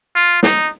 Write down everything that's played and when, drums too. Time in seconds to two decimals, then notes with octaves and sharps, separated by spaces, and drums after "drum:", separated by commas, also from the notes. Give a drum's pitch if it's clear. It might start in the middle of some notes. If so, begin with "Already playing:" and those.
0.15 F4
0.43 D#4, drum: snare